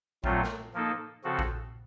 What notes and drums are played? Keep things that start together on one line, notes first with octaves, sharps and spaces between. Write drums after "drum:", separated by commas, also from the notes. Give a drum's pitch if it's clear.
A#2 F#3 A3 C4 F4, drum: kick A#1
drum: snare
F3 A#3 D#4 A4
C#3 F3 C4 F#4 A4
drum: kick A#1